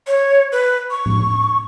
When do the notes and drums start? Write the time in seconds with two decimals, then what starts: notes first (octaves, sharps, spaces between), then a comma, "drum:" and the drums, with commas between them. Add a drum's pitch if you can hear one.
0.07 C#5
0.52 B4
0.91 C#6
1.06 drum: tom A2